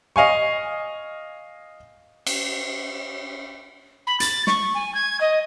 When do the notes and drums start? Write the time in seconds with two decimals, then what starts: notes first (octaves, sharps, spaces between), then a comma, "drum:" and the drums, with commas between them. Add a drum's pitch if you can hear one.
0.16 D#5 F5 G#5 C#6
2.27 drum: cymbal
4.07 B5
4.20 A6, drum: hi-hat
4.47 C#6, drum: snare
4.74 G#5
4.95 G#6
5.21 D#5